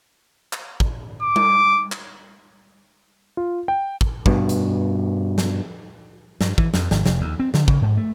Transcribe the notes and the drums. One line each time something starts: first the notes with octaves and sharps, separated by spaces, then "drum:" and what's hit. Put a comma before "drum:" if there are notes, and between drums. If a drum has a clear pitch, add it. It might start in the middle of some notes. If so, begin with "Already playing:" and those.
drum: clap
drum: kick
D6
drum: tom G3
drum: clap
F4
G5
drum: kick
G2 B2, drum: kick
drum: hi-hat
drum: snare
G2, drum: snare
E3, drum: kick
F2, drum: snare
G#1, drum: snare
F1, drum: snare
D#2
C4
D3, drum: snare
C#3, drum: kick
G#2
A3